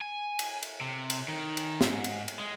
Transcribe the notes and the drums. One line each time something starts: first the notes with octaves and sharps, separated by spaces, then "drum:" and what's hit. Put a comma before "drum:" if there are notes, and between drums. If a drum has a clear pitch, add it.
G#5
drum: cymbal
drum: cymbal
C3
drum: cymbal
D#3
drum: cymbal
G#2, drum: snare
drum: cymbal
drum: cymbal
G#3